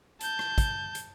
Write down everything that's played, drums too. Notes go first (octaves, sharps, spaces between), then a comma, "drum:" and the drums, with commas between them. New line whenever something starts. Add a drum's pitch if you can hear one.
A5 G6, drum: hi-hat
drum: rim click
drum: kick, hi-hat
drum: hi-hat